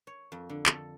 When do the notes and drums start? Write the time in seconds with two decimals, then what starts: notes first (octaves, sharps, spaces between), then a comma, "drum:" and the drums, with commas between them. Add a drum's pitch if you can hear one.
0.07 C#5
0.32 F2
0.49 D3
0.66 A4, drum: clap